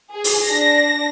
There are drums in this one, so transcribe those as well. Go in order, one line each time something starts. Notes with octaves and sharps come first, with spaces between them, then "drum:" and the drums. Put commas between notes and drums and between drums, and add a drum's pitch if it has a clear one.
G#4
drum: open hi-hat
D4 A#6